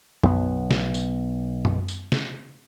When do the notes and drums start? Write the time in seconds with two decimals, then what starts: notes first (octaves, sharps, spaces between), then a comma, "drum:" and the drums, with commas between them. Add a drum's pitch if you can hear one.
0.23 B1 B3, drum: tom F#2
0.71 drum: snare
0.94 drum: tambourine
1.65 drum: tom F#2
1.88 drum: tambourine
2.12 drum: snare